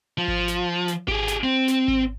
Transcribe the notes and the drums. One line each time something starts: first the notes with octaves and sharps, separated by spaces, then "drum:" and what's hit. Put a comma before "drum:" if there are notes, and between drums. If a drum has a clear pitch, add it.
F3
drum: kick G#1
drum: snare
drum: snare
G4 G#4, drum: kick G#1
drum: snare
C4
drum: snare
drum: kick G#1